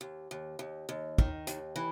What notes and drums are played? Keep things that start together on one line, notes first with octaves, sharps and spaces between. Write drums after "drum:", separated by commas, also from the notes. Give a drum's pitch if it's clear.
D#2
D#2
D#2
D#2
D#3, drum: kick
D#2, drum: hi-hat
E3